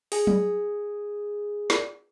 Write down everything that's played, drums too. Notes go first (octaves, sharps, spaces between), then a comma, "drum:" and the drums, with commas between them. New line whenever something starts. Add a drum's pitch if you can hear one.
G#4 G#5, drum: open hi-hat
drum: tom F#3
drum: snare